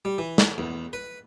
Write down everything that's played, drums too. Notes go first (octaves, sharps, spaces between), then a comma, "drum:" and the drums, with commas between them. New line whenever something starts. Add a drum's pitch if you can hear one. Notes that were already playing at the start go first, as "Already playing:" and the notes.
G3
E3
drum: snare
E2
B4